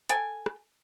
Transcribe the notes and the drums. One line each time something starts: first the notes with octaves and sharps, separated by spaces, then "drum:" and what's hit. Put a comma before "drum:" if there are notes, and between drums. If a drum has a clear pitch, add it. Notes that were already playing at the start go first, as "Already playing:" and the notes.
A4 G5 G#5, drum: hi-hat
drum: rim click